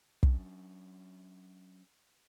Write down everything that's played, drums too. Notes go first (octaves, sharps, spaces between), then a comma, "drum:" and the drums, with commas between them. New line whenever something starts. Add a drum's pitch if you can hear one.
F#3 C#4 D4, drum: kick